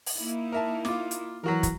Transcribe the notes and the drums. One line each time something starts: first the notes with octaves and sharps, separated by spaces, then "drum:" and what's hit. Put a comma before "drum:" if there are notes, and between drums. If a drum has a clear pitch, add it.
drum: open hi-hat
A#3 D#4 E4
A#4 E5 A5
F4 D6, drum: snare
drum: hi-hat
E3 F#3 F#4 A#4
drum: kick, hi-hat